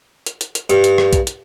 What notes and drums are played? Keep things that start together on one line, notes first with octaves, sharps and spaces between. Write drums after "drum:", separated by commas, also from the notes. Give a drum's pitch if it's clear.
drum: hi-hat
drum: hi-hat
drum: hi-hat
G2, drum: hi-hat
drum: hi-hat
drum: rim click
drum: kick B1, hi-hat
drum: hi-hat